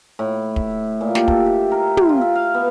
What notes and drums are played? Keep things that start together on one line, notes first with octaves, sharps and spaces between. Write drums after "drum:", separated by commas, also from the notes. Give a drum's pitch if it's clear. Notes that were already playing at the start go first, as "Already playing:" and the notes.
A2
E5, drum: kick
A#2
G4, drum: snare
A4, drum: kick
E5
A#4
drum: tom
F4
E5
F5
B3